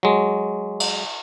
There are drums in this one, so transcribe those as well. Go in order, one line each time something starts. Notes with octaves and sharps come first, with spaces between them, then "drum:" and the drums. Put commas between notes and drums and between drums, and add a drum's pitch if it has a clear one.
F#3 G#3
drum: cymbal